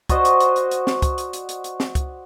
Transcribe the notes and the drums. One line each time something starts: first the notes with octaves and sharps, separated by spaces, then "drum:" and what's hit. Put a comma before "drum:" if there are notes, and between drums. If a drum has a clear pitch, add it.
F#4 C5 D5 D#5, drum: kick, hi-hat
drum: hi-hat
drum: hi-hat
drum: hi-hat
drum: hi-hat
drum: snare
drum: kick, hi-hat
drum: hi-hat
drum: hi-hat
drum: hi-hat
drum: hi-hat
drum: snare
drum: kick, hi-hat